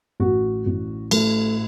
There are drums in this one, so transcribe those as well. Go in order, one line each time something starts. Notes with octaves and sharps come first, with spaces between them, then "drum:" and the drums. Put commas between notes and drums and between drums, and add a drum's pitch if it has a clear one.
A1 F#4
A1
A2 A3, drum: cymbal